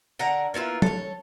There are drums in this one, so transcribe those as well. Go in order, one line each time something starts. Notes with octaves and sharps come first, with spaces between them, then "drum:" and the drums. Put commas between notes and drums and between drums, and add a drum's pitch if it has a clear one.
D3 A#4 F#5 A#5
A#3 B3 E4 F4
A4 C#5, drum: tom F#3